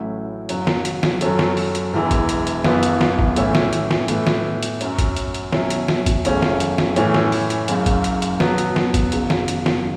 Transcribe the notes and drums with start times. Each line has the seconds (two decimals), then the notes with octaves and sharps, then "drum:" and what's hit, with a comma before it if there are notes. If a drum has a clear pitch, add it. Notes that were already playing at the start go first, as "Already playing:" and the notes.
Already playing: A1 A2 F#3 C#4 E4
0.49 F#1 F#2 F#3 C#4, drum: hi-hat
0.67 drum: snare
0.85 drum: hi-hat
1.03 drum: snare
1.21 F#2 F#3 C#4 A4, drum: hi-hat
1.39 drum: snare
1.57 drum: open hi-hat
1.75 drum: hi-hat
1.93 E1 E2 E3
2.11 drum: kick G1, hi-hat
2.29 drum: hi-hat
2.47 drum: hi-hat
2.64 F#1 F#2 E3 B3, drum: snare
2.83 drum: hi-hat
3.01 drum: snare
3.19 drum: kick G1
3.36 A2 E3 C#4 E4, drum: hi-hat
3.55 drum: snare
3.73 drum: hi-hat
3.91 drum: snare
4.08 A2 E3 B3 E4, drum: hi-hat
4.27 drum: snare
4.63 drum: hi-hat
4.81 F#2 F#3 C#4, drum: hi-hat
4.99 drum: kick G1, hi-hat
5.16 drum: hi-hat
5.34 drum: hi-hat
5.52 B2 F#3 C#4 E4, drum: snare
5.70 drum: hi-hat
5.88 drum: snare
6.06 drum: kick G1, hi-hat
6.25 F#1 E2 C#3 A3 C#4, drum: hi-hat
6.42 drum: snare
6.60 drum: hi-hat
6.78 drum: snare
6.96 A2 E3 C#4, drum: hi-hat
7.14 drum: snare
7.32 drum: open hi-hat
7.50 drum: hi-hat
7.68 F#1 F#2 C#3, drum: hi-hat
7.86 drum: kick G1, hi-hat
8.04 drum: hi-hat
8.22 drum: hi-hat
8.40 B2 F#3 B3, drum: snare
8.58 drum: hi-hat
8.76 drum: snare
8.94 drum: kick G1, hi-hat
9.12 F#1 E2 C#3 F#3, drum: hi-hat
9.30 drum: snare
9.48 drum: hi-hat
9.66 drum: snare